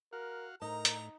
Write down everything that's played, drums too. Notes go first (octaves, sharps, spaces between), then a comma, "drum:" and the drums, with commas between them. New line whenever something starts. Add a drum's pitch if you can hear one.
F#4 A#4 F5 F#5
A2 D#4 A#4 A#5
drum: hi-hat